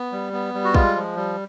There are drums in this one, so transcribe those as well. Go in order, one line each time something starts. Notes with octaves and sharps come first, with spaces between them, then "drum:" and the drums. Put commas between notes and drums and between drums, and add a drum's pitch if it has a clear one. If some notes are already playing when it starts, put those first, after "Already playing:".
Already playing: B3
G3
B3
G3
F#4
G#3 F4, drum: kick
F3
G3